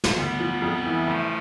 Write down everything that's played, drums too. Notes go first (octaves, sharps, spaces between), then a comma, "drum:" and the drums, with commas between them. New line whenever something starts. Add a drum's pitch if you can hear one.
drum: snare
D2 G3 B3
F3
F2
E3
F1 F3 A3